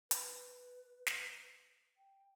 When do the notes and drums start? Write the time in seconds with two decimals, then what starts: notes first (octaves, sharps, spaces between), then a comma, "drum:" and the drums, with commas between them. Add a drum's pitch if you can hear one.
0.11 B4, drum: hi-hat
1.07 drum: snare
1.97 G5